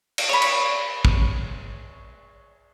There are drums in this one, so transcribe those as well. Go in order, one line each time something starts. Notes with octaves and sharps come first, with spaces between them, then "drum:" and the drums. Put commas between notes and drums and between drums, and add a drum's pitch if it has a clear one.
drum: cymbal
C#5 B5
drum: cymbal
drum: kick